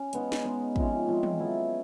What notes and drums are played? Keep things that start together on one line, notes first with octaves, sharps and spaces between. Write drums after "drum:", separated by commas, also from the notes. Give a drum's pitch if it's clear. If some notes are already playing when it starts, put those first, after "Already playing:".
Already playing: C#4
G#3 B3 D#4, drum: hi-hat
drum: snare
G#3 B3 D#4
C3 F3 G#3 C#4, drum: kick
C3 F3 G#3 C#4
drum: tom
F#3 B3 E4 A4